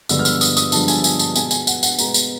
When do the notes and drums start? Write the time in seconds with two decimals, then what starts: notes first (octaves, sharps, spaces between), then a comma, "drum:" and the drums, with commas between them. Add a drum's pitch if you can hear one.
0.09 G2 D3 F3 G#3 B3 E6, drum: tambourine
0.19 F6
0.25 E6, drum: tambourine
0.41 D#6, drum: tambourine
0.57 D#6, drum: tambourine
0.72 G2 D3 F3 G#3 B3 A5, drum: tambourine
0.88 G#5, drum: tambourine
1.04 G#5, drum: tambourine
1.19 A5, drum: tambourine
1.36 B2 G#3 B3 G#5, drum: tambourine
1.51 G#5, drum: tambourine
1.67 F#5, drum: tambourine
1.83 F#5, drum: tambourine
1.99 B2 G#3 B3 A#5, drum: tambourine
2.14 drum: tambourine